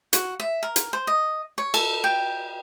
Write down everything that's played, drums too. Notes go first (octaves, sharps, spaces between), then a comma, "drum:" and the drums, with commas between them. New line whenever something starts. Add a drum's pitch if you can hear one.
F#4, drum: hi-hat
E5
A#4
drum: hi-hat
C5
D#5
C#5
A4, drum: cymbal
G5